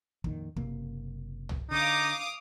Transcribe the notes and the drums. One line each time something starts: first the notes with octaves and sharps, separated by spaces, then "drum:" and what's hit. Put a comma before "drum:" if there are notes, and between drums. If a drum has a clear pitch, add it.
F2 A#2 D#3, drum: kick
F#1 C3 A#3, drum: kick
drum: tom C2
D3 D#4 F5 D6 D#6